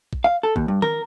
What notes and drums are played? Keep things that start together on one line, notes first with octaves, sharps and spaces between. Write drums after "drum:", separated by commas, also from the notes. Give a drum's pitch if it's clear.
drum: kick A#1
F5
A4
D#2, drum: kick A#1
G2
A#4, drum: tom D#3